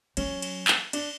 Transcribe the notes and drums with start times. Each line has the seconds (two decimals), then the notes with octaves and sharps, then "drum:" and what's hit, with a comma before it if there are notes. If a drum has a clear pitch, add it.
0.17 F#3 C#4, drum: cymbal
0.42 drum: cymbal
0.68 drum: clap
0.93 D4, drum: cymbal